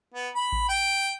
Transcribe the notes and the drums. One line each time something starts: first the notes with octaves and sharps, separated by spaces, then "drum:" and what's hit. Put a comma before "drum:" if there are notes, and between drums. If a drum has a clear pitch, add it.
B3
B5
drum: kick A1
G5